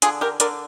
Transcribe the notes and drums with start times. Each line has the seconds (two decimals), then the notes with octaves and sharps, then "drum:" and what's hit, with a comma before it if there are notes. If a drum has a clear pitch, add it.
0.02 D3 F4 G#4, drum: hi-hat
0.21 G4 A#4
0.40 D3 A#4 D5, drum: hi-hat